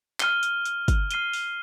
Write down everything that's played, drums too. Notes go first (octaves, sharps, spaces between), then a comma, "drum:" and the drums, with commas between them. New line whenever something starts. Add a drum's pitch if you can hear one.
F6 D#7 G7, drum: clap
drum: hi-hat
drum: hi-hat
drum: kick, hi-hat
F6 C7 D#7 G7, drum: hi-hat
drum: open hi-hat